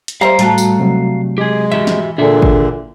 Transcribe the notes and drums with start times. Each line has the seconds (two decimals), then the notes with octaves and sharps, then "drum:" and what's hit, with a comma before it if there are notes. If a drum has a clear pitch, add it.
0.08 drum: hi-hat
0.21 G3 G4 C5 C#5 E5 F5 A#5
0.39 A2 G3 A3 F#4, drum: hi-hat
0.58 drum: tambourine
0.79 C3 F#3
1.38 G#3 G4 G#4
1.72 E3 F#4 G4 E5
1.87 drum: snare
2.18 A#2 D3 D4 G#4 A4 E5
2.42 drum: kick G#1